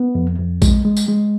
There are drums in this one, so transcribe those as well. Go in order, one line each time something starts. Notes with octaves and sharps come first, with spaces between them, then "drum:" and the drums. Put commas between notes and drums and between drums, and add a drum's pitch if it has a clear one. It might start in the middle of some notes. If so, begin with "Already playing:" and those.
Already playing: B3
F2
F2
G#3, drum: kick A1, tambourine
G#3
drum: tambourine
G#3